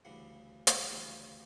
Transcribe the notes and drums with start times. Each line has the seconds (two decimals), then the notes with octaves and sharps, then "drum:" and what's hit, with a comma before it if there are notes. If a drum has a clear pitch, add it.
0.05 D2 C#3 E3 G3 F#5
0.67 drum: hi-hat
0.90 D2 C#3 E3 G3